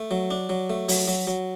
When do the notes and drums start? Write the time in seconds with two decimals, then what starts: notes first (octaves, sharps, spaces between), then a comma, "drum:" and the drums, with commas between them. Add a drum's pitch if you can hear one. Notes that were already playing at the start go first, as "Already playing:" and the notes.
Already playing: A3
0.11 F#3
0.31 D4
0.49 F#3
0.70 A3
0.89 F#3, drum: open hi-hat
1.08 F#3
1.27 F#3